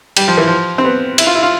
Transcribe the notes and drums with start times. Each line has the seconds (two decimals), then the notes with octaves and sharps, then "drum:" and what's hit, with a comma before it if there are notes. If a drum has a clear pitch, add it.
0.17 G3, drum: cymbal
0.28 F3
0.38 E3
0.47 F3
0.78 C4
0.84 B3
1.18 E4, drum: cymbal
1.27 F4
1.35 E4
1.43 F4